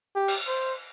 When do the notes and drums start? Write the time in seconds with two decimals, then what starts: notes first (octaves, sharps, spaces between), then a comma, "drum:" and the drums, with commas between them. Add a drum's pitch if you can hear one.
0.16 G4
0.28 drum: cymbal
0.47 C5